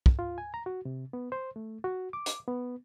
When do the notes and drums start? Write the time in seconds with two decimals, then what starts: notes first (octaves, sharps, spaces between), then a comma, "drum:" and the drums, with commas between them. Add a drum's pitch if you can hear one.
0.06 drum: kick
0.19 F4
0.38 G#5
0.54 A#5
0.66 F#4
0.85 C3
1.13 B3
1.32 C5
1.56 A3
1.84 F#4
2.13 D6
2.26 drum: hi-hat
2.48 B3